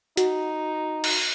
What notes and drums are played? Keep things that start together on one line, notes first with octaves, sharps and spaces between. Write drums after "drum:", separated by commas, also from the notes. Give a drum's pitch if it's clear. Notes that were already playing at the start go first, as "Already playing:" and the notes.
D#4 F#4, drum: hi-hat
drum: cymbal